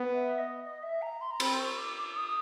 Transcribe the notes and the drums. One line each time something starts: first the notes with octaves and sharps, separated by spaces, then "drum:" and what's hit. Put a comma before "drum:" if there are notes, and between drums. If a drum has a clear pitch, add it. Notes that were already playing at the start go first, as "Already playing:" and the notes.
Already playing: B3
E5
D#5
D#5
E5
A#5
C6
A#5
C4 B5, drum: cymbal
C6
C#6
D6
D6
D#6